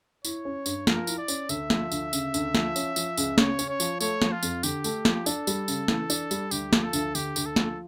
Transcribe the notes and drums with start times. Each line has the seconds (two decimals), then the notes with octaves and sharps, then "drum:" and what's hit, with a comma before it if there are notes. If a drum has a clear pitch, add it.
0.25 E4 C#5, drum: tambourine
0.45 C#4
0.66 G2, drum: tambourine
0.87 F3 A#4, drum: snare
1.07 E4, drum: tambourine
1.18 D5
1.28 C#4, drum: tambourine
1.49 D2 E5, drum: tambourine
1.70 F3, drum: snare
1.92 D2, drum: tambourine
2.13 C#3, drum: tambourine
2.34 D2, drum: tambourine
2.55 F3, drum: snare
2.76 C#4, drum: tambourine
2.96 F3, drum: tambourine
3.17 C#2, drum: tambourine
3.38 C#3 C#5, drum: snare
3.59 C#4, drum: tambourine
3.69 C#5
3.80 F3, drum: tambourine
4.01 A3 C#5, drum: tambourine
4.22 F3, drum: snare
4.32 F4
4.43 F2, drum: tambourine
4.63 D3 G4, drum: tambourine
4.84 A3, drum: tambourine
5.05 F3, drum: snare
5.26 D4 A4, drum: tambourine
5.47 G3, drum: tambourine
5.68 C#3, drum: tambourine
5.88 E3, drum: snare
6.10 D4, drum: tambourine
6.31 G3, drum: tambourine
6.51 D2 G4, drum: tambourine
6.73 F3, drum: snare
6.83 A4
6.93 D2, drum: tambourine
7.15 D3 G4, drum: tambourine
7.36 D2, drum: tambourine
7.46 A4
7.56 F3, drum: snare